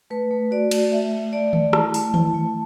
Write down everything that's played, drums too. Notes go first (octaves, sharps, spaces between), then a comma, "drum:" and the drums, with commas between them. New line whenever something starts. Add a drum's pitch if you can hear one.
A3 B4
A3
F#4 D5
A3, drum: cymbal
A3 E5
A3
A3 D5
A3, drum: tom D#3
E4 A5, drum: rim click
A3, drum: open hi-hat
E4 A5, drum: tom D#3
A3